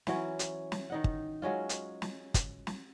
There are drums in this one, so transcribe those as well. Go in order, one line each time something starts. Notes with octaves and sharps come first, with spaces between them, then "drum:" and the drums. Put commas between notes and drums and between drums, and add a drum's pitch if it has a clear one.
E3 F#3 C#4, drum: snare
drum: hi-hat
drum: snare
D#3 D#4 F#5
drum: kick
F#3 G#3 C#4 F4
drum: hi-hat
drum: snare
drum: kick, hi-hat
drum: snare